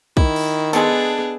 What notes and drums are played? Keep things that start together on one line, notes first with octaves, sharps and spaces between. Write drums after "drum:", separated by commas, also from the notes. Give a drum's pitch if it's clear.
D#3 E4, drum: kick
drum: cymbal
G#3 B3 D4 G#4 A4, drum: tambourine